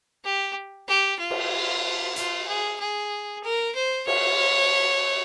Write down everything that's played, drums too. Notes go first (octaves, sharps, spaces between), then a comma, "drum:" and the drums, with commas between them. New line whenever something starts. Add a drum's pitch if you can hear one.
G4
G4
F4
drum: cymbal
F4, drum: hi-hat
G#4
G#4
A#4
C5
C#5, drum: cymbal